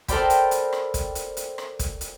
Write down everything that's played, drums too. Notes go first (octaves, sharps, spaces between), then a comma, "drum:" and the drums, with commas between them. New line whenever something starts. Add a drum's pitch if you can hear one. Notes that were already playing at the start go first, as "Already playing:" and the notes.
A4 A#4 C5 D5 G5 B5, drum: kick, hi-hat
drum: hi-hat
drum: hi-hat
drum: rim click
drum: kick, hi-hat
drum: hi-hat
drum: hi-hat
drum: rim click
drum: kick, hi-hat
drum: hi-hat